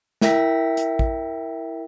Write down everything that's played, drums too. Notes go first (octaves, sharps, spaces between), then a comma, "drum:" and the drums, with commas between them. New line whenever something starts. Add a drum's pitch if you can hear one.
E4 A#4 E5 G5 A#6 B6, drum: snare
drum: hi-hat
drum: kick